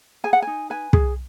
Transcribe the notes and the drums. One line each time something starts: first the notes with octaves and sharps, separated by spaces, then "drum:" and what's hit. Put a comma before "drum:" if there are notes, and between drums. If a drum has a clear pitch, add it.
G#4 G#5
F#5
D#4 G#5
B4 G#5
G#4, drum: kick